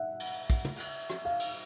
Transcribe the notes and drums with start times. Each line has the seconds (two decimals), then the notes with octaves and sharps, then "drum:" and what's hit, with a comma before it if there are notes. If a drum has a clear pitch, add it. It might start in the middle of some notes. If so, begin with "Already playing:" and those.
Already playing: E5 F#5
0.20 drum: cymbal
0.50 drum: kick, cymbal
0.65 drum: tom
0.80 drum: cymbal
1.10 drum: rim click
1.25 F5
1.40 drum: cymbal